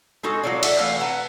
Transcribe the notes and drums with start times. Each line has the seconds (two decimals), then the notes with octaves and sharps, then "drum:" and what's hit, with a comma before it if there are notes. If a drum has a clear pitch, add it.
0.23 G#3 D#4 F#4 A4
0.43 F#3 F4 A4 C#5 D5
0.63 A4 D5 E5 F#5, drum: cymbal
0.78 E3 A3 B4 F5
0.99 B4 F#5 A5 A#5